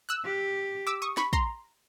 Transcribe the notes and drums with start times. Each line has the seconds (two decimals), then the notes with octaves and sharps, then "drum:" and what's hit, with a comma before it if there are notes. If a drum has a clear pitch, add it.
0.09 E6 F#6
0.25 G4
0.87 D6 E6
1.02 C#6 D#6
1.17 B5 C#6, drum: snare
1.33 A#5 C6, drum: kick